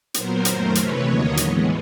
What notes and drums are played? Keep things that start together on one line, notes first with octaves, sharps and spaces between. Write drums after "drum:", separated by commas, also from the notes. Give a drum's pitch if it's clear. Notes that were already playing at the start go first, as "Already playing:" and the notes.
A#2 F#3 B3 A#4 C5, drum: hi-hat
F#2 D#3 F#3 A3, drum: hi-hat
C3 E3 A3 B4 C#5, drum: hi-hat
D#2 D3 F#3 A#3 C#5 D#5
A2 E3 G#3 B3, drum: hi-hat